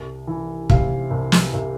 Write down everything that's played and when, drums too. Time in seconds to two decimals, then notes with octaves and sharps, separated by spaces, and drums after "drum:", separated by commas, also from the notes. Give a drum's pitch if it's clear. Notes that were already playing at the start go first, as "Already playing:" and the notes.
Already playing: C2
0.27 E3
0.70 C3 F5, drum: kick
1.11 C2
1.32 drum: snare
1.53 C2